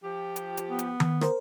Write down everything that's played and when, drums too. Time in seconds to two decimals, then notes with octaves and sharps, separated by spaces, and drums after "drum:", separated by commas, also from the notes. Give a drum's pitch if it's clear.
0.04 F3 G4
0.36 drum: hi-hat
0.57 drum: hi-hat
0.68 B3
0.79 drum: hi-hat
1.00 drum: tom D#3
1.21 A#4 C5, drum: rim click